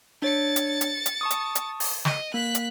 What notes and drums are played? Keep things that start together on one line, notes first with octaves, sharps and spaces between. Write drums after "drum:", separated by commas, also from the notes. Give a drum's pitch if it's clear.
D4 C#5 A6 C#7
drum: hi-hat
drum: hi-hat
drum: hi-hat
A5 C#6 D#6
drum: hi-hat
drum: hi-hat
drum: open hi-hat
D#5, drum: snare
A#3 F#6 B6
drum: hi-hat